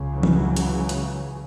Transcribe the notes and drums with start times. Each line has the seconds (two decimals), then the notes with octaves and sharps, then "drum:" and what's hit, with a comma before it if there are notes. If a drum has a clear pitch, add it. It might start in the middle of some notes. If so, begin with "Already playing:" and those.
Already playing: C#2 C#3
0.13 E3 F#3
0.23 drum: tom
0.56 drum: hi-hat
0.89 drum: hi-hat